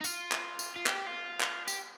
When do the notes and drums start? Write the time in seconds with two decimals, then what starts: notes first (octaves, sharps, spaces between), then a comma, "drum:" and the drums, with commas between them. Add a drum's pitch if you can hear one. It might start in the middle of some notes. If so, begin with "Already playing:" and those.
0.01 D#4
0.04 F4, drum: tambourine
0.32 drum: clap
0.59 drum: tambourine
0.76 F4
0.86 G4, drum: clap
1.07 F4
1.41 drum: clap
1.68 G4, drum: tambourine